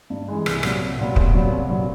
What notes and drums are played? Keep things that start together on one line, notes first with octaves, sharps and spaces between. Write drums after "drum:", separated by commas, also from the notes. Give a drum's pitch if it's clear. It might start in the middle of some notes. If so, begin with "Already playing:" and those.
G2
E3 G#3
C2, drum: rim click
A#2 F#3 B3, drum: rim click
C2
A#2 F#3 B3
C2, drum: kick
A#2 F#3 B3
C2
A#2 F#3 B3